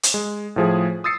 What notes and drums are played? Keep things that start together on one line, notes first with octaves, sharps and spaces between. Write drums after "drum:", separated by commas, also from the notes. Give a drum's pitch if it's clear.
drum: hi-hat
G#3
A2 F3 G#4
D#6 E6 A6 C7 C#7